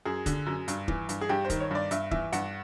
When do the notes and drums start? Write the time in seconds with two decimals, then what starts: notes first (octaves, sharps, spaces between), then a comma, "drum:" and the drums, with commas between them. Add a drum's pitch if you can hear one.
0.05 F#2 G#4
0.26 D3, drum: kick, hi-hat
0.46 F#2
0.68 G2, drum: hi-hat
0.88 E3, drum: kick
1.09 G2, drum: hi-hat
1.21 G#4
1.29 G2 G4
1.45 C5
1.50 D#3, drum: kick, hi-hat
1.60 C#5
1.71 G2 D5
1.91 G2 E5, drum: hi-hat
2.11 E3 E5, drum: kick
2.33 G2 F#5, drum: hi-hat